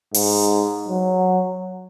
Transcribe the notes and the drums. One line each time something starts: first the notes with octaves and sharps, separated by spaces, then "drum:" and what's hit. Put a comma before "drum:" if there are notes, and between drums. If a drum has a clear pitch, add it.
G#2, drum: open hi-hat
F#3